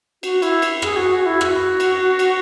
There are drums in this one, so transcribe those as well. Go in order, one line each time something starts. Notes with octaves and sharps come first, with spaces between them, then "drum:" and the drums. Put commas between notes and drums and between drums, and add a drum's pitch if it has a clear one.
F#4, drum: cymbal
E4, drum: cymbal
drum: cymbal
G#4, drum: rim click
F#4
F#4
E4
F#4, drum: rim click
drum: cymbal
drum: cymbal